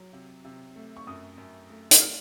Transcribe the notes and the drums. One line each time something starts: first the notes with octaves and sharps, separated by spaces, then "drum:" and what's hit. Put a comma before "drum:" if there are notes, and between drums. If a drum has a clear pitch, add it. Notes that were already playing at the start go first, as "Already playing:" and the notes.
Already playing: F#3
C3
C3
A3
C#6
F#2 D#6
F#2
A3
D#6, drum: hi-hat
F6